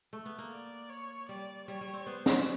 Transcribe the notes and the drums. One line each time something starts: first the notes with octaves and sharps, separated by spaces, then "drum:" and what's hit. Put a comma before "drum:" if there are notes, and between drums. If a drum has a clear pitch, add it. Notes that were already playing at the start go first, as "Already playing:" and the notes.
A3
B3
A#3
D5
C#5
G3 D5
G3 C#5
G3
C4
B3 C5
G#3, drum: snare
F#3